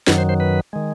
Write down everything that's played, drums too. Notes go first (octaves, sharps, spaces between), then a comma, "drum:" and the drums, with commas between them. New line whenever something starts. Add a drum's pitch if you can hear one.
F#2 D#3 F#3 B4, drum: snare
C5
C5
B4
D#3 G#3